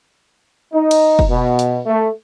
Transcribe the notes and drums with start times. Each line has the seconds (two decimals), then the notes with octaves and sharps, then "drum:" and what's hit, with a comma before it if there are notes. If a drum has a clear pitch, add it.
0.73 D#4
0.91 drum: cymbal
1.19 drum: kick
1.29 B2
1.59 drum: hi-hat
1.87 A3